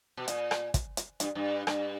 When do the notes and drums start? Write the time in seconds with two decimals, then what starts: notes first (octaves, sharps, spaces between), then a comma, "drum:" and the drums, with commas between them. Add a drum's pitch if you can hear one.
0.17 B2
0.28 A#2, drum: hi-hat
0.51 drum: rim click
0.74 drum: kick, hi-hat
0.97 drum: hi-hat
1.20 G2, drum: hi-hat
1.35 G2
1.67 G2, drum: rim click